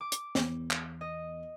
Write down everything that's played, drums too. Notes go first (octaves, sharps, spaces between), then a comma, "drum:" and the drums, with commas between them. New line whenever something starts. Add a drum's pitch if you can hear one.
D6
drum: hi-hat
E2, drum: snare
drum: clap
D#5